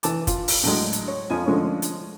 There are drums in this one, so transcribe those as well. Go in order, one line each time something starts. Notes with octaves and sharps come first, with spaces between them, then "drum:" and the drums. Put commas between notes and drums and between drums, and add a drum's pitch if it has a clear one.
E3 A5 D6, drum: hi-hat
F4, drum: kick, hi-hat
drum: open hi-hat
A2 D3 F#3 G#3
drum: hi-hat
C#5
F2 F3 G#5
D3 F3 G#3 A3 C#4
drum: hi-hat